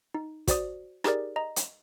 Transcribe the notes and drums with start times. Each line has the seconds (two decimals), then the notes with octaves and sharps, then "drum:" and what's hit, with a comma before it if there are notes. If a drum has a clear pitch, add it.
0.14 D#4
0.48 F#4 C5 D5 D#6, drum: kick, hi-hat
1.04 D#4 G4 G#4 A#4 D5, drum: rim click
1.36 D#5 A#5
1.56 drum: hi-hat